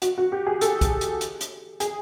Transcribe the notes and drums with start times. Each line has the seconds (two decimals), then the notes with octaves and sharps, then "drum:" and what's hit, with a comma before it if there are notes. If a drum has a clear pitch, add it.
0.02 F#4, drum: hi-hat
0.18 F#4
0.32 G4
0.47 G#4
0.61 A4, drum: hi-hat
0.81 drum: kick, hi-hat
1.01 drum: hi-hat
1.21 drum: hi-hat
1.41 drum: hi-hat
1.80 G#4, drum: hi-hat